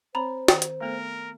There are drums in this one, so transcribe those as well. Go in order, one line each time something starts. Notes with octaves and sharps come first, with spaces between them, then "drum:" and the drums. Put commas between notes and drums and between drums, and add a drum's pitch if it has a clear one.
C4 C5 C#5 A#5 B5
D#3, drum: snare
drum: hi-hat
A3 B3 A4 A#4